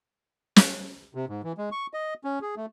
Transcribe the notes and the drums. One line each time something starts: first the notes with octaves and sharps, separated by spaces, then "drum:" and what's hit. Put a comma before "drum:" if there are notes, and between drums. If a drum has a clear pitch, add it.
drum: snare
C3
G#2
E3
G#3
C#6
D#5
C#4
G#4
A3